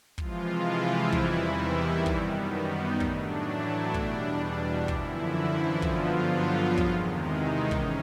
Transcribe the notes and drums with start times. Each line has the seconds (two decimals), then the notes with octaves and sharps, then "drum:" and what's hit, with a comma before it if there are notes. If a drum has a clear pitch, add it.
0.18 C3 E3 F3 G#3 F4, drum: kick
0.64 E3 E4
1.12 E2 C3 D#3 G3, drum: kick
2.06 F#2 D#3 G3 B3, drum: kick
2.53 D#3 D#4
3.00 A2 F#3 A3 D4, drum: kick
3.47 E3 E4
3.94 E2 B2 G3 D4, drum: kick
4.41 D4
4.88 F#2 D3 E3 F3 E4, drum: kick
5.36 E3 E4
5.82 G2 D3 F3 F#3 B3 F4, drum: kick
6.77 E2 C3 D#3 G#3, drum: kick
7.24 D#3 D#4
7.71 G#2 E3 C#4, drum: kick